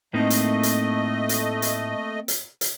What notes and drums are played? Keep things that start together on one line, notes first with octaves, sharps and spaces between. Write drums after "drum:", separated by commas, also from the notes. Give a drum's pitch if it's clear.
A2 A3 A#3 C4 D#4 D#5
drum: hi-hat
drum: hi-hat
drum: hi-hat
drum: hi-hat
drum: hi-hat
drum: hi-hat